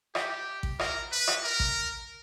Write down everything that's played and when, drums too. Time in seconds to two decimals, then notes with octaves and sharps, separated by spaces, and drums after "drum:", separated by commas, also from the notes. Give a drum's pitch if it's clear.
0.15 G4, drum: rim click
0.63 drum: kick A1
0.79 A#4, drum: rim click
1.12 B4
1.27 drum: rim click
1.44 A#4
1.60 drum: kick A1